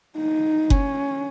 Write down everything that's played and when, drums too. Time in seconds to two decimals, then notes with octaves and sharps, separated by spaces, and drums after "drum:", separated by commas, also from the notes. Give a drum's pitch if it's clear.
0.17 D#4
0.70 C#4, drum: kick F#1